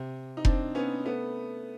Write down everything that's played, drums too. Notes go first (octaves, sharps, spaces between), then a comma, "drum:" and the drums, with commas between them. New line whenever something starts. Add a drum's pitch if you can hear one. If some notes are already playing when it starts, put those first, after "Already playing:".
Already playing: C3
D#4
C4 D4, drum: kick F1
B3 C#4
A3 B3